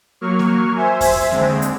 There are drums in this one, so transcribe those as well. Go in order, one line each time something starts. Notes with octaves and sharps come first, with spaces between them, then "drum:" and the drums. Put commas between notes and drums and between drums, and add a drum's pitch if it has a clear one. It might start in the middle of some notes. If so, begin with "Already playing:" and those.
F#3 A#3 C#6 F6
drum: snare A#3
C5 E5 G#5
drum: kick F2, open hi-hat
D#2 D3 G#3 C4, drum: snare A#3
drum: hi-hat